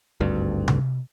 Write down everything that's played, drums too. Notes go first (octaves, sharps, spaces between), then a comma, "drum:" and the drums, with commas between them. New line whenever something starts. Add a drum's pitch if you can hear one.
G#1 D2 G2
drum: tom C3